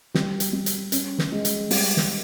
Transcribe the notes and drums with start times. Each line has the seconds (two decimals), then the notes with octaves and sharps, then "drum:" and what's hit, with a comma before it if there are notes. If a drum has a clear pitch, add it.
0.14 G3, drum: snare
0.40 drum: hi-hat
0.53 G3
0.66 drum: hi-hat
0.92 C#4, drum: hi-hat
1.19 drum: snare
1.32 G#3
1.45 drum: hi-hat
1.71 G3, drum: open hi-hat
1.97 drum: snare